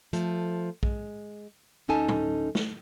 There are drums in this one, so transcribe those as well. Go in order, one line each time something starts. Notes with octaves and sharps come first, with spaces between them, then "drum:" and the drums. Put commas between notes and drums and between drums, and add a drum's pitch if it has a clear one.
F3 A3, drum: hi-hat
G#3, drum: kick
D2 C#4 D#4 A4 G#5 A5
drum: tom
drum: snare